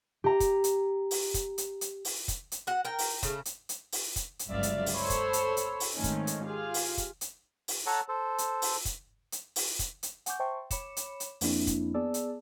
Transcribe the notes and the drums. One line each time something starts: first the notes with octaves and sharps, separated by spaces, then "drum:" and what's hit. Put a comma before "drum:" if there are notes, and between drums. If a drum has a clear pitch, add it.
G4 A#5
drum: kick, hi-hat
drum: hi-hat
drum: open hi-hat
drum: kick, hi-hat
drum: hi-hat
drum: hi-hat
drum: open hi-hat
drum: kick, hi-hat
drum: hi-hat
F#4 F#5
A#4 G5
drum: open hi-hat
C#3 A3, drum: kick, hi-hat
drum: hi-hat
drum: hi-hat
drum: open hi-hat
drum: kick, hi-hat
drum: hi-hat
G1 C#2 F#3 D5 E5 F5
drum: hi-hat
drum: open hi-hat
A4 C5 C#5 B5 E6
drum: kick, hi-hat
drum: hi-hat
drum: hi-hat
drum: open hi-hat
G#2 D#3 A3 C4 C#4 D#4
drum: kick, hi-hat
drum: hi-hat
F4 G4 G#4 F5
drum: open hi-hat
drum: kick, hi-hat
drum: hi-hat
drum: open hi-hat
A4 C#5 F#5 A5 A#5
A4 C5
drum: hi-hat
drum: open hi-hat
drum: kick, hi-hat
drum: hi-hat
drum: open hi-hat
drum: kick, hi-hat
drum: hi-hat
F#5 G#5 C#6 D6 G6, drum: hi-hat
C5 E5 G5 A5 C6 C#6
C#5 B5 D6 C#7 E7, drum: kick, hi-hat
drum: hi-hat
drum: hi-hat
F2 F3 A#3 C4 D4 E4, drum: open hi-hat
drum: kick, hi-hat
B3 G#4 D5 A5 E6
drum: hi-hat